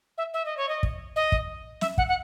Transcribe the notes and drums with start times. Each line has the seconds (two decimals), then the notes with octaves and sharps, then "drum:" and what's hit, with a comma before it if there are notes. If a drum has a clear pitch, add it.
0.18 E5
0.33 E5
0.45 D#5
0.57 C#5
0.69 D#5
0.83 drum: kick
1.16 D#5
1.32 drum: kick
1.81 E5, drum: snare
1.98 F#5, drum: kick
2.08 F#5